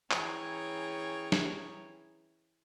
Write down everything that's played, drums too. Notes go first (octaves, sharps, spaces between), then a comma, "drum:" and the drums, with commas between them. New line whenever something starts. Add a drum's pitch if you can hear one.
E3 C#4 G#4 C#5 G5 A#5, drum: clap
drum: snare